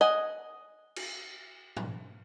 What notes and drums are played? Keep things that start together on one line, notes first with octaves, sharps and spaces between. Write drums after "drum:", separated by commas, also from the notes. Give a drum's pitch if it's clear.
D#5 F#5 G#5
drum: cymbal
drum: tom